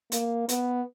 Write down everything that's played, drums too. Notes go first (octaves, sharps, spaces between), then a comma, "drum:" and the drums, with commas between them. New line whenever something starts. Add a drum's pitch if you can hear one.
A#3, drum: hi-hat
B3, drum: hi-hat